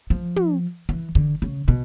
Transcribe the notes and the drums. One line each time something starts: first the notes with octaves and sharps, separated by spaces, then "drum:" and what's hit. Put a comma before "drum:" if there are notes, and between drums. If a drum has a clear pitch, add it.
F3
drum: tom
E3
D3, drum: kick
C#3
B2